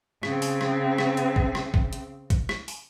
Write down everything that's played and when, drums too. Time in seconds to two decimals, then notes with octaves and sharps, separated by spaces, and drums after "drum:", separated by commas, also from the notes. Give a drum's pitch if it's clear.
0.23 C#3 C4, drum: rim click
0.42 drum: open hi-hat
0.61 drum: rim click
0.98 drum: rim click
1.17 drum: hi-hat
1.36 drum: kick B1
1.55 drum: rim click
1.74 drum: kick B1
1.93 drum: hi-hat
2.30 drum: kick B1, hi-hat
2.49 drum: rim click
2.68 drum: open hi-hat